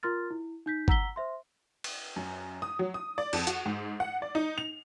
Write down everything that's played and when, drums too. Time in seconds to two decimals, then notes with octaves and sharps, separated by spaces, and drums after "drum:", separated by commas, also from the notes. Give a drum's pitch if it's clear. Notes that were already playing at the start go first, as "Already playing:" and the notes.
0.03 F4 A#4 C6 F6 A6
0.30 E4
0.66 D#4 G6 B6
0.88 F#5 A#5 E6 B6 G7, drum: kick G1
1.16 C5 E5 C6
1.84 drum: cymbal
2.16 F#2
2.62 D#6
2.79 F#3
2.94 D#6
3.18 D5
3.33 F2, drum: cymbal
3.47 F#4, drum: hi-hat
3.66 G#2
4.00 F#5
4.22 D5
4.35 D#4
4.58 F7